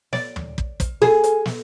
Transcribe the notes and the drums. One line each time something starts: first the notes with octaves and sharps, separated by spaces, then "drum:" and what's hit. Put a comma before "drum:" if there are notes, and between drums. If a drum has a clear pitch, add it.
D5, drum: snare
drum: tom
drum: kick
drum: kick, hi-hat
G#4, drum: snare
drum: hi-hat
drum: snare